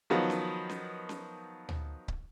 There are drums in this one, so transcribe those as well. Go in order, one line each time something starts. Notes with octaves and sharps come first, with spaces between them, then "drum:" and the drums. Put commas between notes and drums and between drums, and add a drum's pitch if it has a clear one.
D#3 F3 F#3 B3
drum: snare C#4
drum: snare C#4
drum: snare C#4
drum: tom
drum: kick C#1